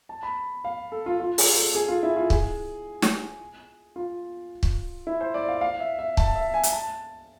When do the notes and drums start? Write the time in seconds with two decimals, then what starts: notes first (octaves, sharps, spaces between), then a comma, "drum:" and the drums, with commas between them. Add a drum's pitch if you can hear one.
0.09 A5
0.23 B5
0.65 F5
0.92 A4
1.06 F4
1.20 F4
1.38 G#4, drum: open hi-hat
1.57 A4
1.75 G#4
1.88 F4
2.03 E4
2.17 F4
2.30 G#4, drum: kick
3.02 drum: snare
3.96 F4
4.63 drum: kick
5.07 E4
5.21 C5
5.34 D5
5.48 F5
5.61 F5
5.80 E5
5.99 E5
6.17 A5, drum: kick
6.36 E5
6.54 G#5
6.63 drum: hi-hat
6.73 A5